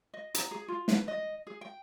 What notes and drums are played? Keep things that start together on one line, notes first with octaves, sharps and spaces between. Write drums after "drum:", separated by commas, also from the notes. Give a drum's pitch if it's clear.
D#5
A#5, drum: hi-hat
G#4
F4
B4, drum: snare
D#5
G#4
G5